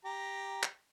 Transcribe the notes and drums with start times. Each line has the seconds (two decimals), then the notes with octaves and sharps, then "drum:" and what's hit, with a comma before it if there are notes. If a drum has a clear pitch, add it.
0.05 G4 A#5
0.63 drum: clap